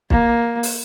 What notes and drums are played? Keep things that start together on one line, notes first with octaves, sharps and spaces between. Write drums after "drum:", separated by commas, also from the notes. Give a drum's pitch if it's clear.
A#3, drum: kick
drum: open hi-hat